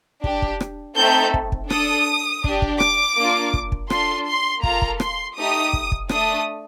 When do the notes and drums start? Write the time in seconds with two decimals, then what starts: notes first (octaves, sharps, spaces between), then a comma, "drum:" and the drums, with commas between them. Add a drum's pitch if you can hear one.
0.24 D4 G4, drum: kick
0.42 drum: kick
0.61 drum: rim click
0.97 A3 C4 D#4 A4 G6
1.34 drum: kick
1.52 drum: kick
1.70 D4 A4 D#6, drum: rim click
2.44 D4 G4, drum: kick
2.62 drum: kick
2.80 D6, drum: rim click
3.16 A#3 D4 F4
3.54 drum: kick
3.72 drum: kick
3.90 D4 F4 A4 C6, drum: rim click
4.27 C6
4.63 A#3 F4 A4 A#5, drum: kick
4.82 drum: kick
5.00 C6, drum: rim click
5.37 A3 D#4 G4 D#6
5.73 drum: kick
5.92 drum: kick
6.09 A3 D4 A4 D#6, drum: rim click